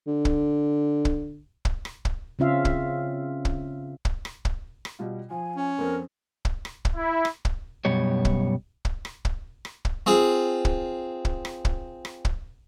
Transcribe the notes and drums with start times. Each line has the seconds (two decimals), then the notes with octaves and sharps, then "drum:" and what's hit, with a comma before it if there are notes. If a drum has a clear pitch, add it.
0.07 D3
0.25 drum: kick
1.05 drum: kick
1.65 drum: kick
1.85 drum: rim click
2.05 drum: kick
2.39 C#3 C4 C#4 F4 E5 F5
2.65 drum: kick
3.45 drum: kick
4.05 drum: kick
4.25 drum: rim click
4.45 drum: kick
4.85 drum: rim click
4.99 B2 G3 F4
5.30 F3 G#5
5.56 C#4
5.78 F2 B3 C4 A#4
6.45 drum: kick
6.65 drum: rim click
6.85 drum: kick
6.96 E4
7.25 drum: rim click
7.45 drum: kick
7.85 F#2 B2 G3 C#5
8.25 drum: kick
8.85 drum: kick
9.05 drum: rim click
9.25 drum: kick
9.65 drum: rim click
9.85 drum: kick
10.06 C4 F4 G#4
10.65 drum: kick
11.25 drum: kick
11.45 drum: rim click
11.65 drum: kick
12.05 drum: rim click
12.25 drum: kick